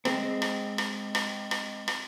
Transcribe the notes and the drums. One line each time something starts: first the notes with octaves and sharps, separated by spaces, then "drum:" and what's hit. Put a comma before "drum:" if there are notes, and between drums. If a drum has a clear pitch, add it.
G#3 C4, drum: rim click
drum: rim click
drum: rim click
drum: rim click
drum: rim click
drum: rim click